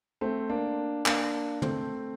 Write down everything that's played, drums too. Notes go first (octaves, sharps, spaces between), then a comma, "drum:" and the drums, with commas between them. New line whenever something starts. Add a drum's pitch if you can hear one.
A3 C4
A#3 D4
A#3 D4, drum: clap
A3 C4, drum: tom